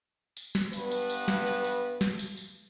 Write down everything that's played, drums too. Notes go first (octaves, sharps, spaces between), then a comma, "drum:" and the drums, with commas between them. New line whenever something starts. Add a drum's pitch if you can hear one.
drum: tambourine
drum: snare
G2 B3 B4, drum: tambourine
drum: tambourine
drum: tambourine
drum: snare
drum: tambourine
drum: tambourine
drum: snare
drum: tambourine
drum: tambourine